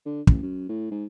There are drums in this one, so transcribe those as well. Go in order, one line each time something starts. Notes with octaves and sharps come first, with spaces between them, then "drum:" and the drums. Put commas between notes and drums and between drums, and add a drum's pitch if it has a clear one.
D3
A1, drum: kick
F#2
A2
G#2